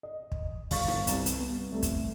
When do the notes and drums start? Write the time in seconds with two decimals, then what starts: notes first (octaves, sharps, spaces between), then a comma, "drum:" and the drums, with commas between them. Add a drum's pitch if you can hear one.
0.03 D#5
0.32 drum: kick
0.71 G1 F5 C#6 A6, drum: kick, open hi-hat
0.88 drum: rim click
1.07 C2, drum: hi-hat
1.26 drum: hi-hat
1.39 B3
1.72 C2 A3
1.82 drum: kick, hi-hat